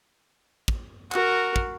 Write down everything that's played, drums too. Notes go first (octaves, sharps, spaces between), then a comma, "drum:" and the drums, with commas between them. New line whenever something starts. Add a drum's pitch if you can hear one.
drum: kick
F#4 A#4, drum: clap
drum: kick